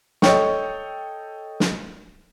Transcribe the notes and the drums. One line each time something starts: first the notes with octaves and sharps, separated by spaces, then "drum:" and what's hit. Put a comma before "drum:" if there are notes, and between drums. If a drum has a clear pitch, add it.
A4 C#5 D#5 G5 C#6, drum: snare
drum: snare